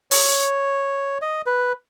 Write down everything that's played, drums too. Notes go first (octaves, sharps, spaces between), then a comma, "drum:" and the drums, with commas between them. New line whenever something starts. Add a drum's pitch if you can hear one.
C#5, drum: open hi-hat
D#5
B4